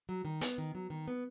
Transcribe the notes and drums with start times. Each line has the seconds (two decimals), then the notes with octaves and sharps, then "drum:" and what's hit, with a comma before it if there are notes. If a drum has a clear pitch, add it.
0.09 F#3
0.25 D#3
0.41 B3, drum: hi-hat
0.58 D#3
0.75 F#3
0.90 D#3
1.08 B3